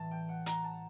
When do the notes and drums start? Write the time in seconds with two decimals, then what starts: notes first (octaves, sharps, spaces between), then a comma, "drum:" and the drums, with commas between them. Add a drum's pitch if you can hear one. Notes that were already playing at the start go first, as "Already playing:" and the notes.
Already playing: A1 A2 E3 G3 A5
0.11 G5
0.29 F#5
0.46 A#5, drum: hi-hat
0.64 A5